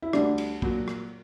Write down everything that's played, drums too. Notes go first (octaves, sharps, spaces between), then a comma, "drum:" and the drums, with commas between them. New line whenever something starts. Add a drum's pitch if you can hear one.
E4
D2 D3 G3 D4, drum: rim click
drum: cymbal
A#2 F#3, drum: kick
drum: rim click